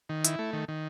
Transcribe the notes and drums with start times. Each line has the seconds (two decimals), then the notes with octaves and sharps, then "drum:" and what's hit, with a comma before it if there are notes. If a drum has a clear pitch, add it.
0.09 D#3
0.25 E4, drum: hi-hat
0.39 A3
0.53 D#3
0.68 D#3